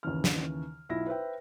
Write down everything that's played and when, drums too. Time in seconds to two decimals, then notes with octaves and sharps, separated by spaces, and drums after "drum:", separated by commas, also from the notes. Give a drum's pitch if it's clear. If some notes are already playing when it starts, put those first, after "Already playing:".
0.03 D#2 C#3 E3 F6
0.24 drum: snare
0.89 B1 E4 F4 E5 A#6
1.07 B4 C5 E5 G5